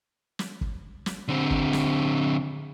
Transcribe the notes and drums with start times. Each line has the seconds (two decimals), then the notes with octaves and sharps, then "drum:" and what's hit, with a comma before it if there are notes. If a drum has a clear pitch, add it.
0.39 drum: snare
0.61 drum: kick
1.06 drum: snare
1.28 D3 C4
1.51 drum: kick
1.73 drum: snare